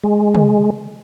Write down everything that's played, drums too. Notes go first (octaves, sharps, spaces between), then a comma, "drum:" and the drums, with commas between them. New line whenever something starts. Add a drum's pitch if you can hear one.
G#3
drum: tom